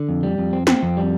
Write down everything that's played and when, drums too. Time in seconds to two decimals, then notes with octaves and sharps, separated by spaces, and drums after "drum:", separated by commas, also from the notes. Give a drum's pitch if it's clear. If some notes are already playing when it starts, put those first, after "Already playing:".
Already playing: D3
0.09 F2
0.23 G3
0.38 F2
0.53 C4
0.67 C4, drum: snare
0.83 F2
0.97 G3